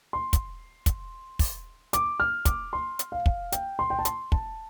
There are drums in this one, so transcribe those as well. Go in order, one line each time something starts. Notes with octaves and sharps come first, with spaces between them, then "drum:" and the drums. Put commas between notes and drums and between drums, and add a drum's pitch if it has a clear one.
C6
drum: kick, hi-hat
drum: kick, hi-hat
drum: kick, open hi-hat
D6, drum: hi-hat
F6
D6, drum: kick, hi-hat
C6
drum: hi-hat
F5
drum: kick
G5, drum: hi-hat
C6
G5
A5
C6, drum: hi-hat
A5, drum: kick